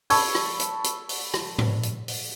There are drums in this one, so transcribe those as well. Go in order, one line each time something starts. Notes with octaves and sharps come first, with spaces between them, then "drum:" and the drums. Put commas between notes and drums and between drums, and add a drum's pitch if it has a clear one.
A5 B5 C#6 E6 G#6, drum: open hi-hat
drum: rim click
drum: hi-hat
drum: hi-hat
drum: open hi-hat
drum: rim click
drum: tom G#2
drum: hi-hat
drum: open hi-hat